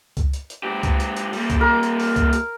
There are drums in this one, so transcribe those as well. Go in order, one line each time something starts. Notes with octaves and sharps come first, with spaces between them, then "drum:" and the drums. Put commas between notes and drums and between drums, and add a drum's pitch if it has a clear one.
drum: kick C#2, hi-hat
drum: hi-hat
drum: hi-hat
G#2 G4
drum: kick C#2, hi-hat
drum: hi-hat
drum: hi-hat
G3 A#3, drum: open hi-hat
drum: kick C#2, hi-hat
A#4
drum: hi-hat
drum: open hi-hat
drum: kick C#2, hi-hat
drum: hi-hat